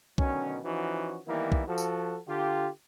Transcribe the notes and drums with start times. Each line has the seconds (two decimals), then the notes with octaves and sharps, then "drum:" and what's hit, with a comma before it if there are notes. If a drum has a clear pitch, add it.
0.18 B2 D3 D#3 F#3 C#4, drum: kick B1
0.64 E3 F3 C#4 D#4 F#4
1.28 D#3 E3 G3 A#3 B3 E4
1.52 drum: kick B1
1.68 F3 F#4 A4
1.78 drum: tambourine
2.28 D3 F4 G4